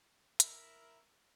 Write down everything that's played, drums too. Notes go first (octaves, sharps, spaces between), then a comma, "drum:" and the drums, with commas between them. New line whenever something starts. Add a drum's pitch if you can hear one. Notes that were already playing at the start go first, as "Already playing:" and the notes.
E4 A#4 E5, drum: hi-hat